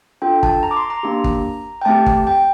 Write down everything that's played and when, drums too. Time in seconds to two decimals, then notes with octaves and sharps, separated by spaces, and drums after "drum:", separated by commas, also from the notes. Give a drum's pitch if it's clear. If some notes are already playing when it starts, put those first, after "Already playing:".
0.22 D4 F4 A4 G5
0.43 A5, drum: kick
0.63 A#5
0.71 D6
0.76 C6
0.90 A#5
1.03 A#3 D4 G4
1.24 drum: kick
1.81 G5
1.85 A3 C4 G4 A5
2.06 drum: kick
2.27 G5